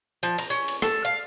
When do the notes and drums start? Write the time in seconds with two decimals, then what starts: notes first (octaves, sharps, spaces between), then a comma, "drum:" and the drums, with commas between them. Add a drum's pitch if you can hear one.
0.23 F3
0.38 A#5, drum: cymbal
0.50 C#4
0.68 drum: cymbal
0.82 A4, drum: rim click
1.05 F5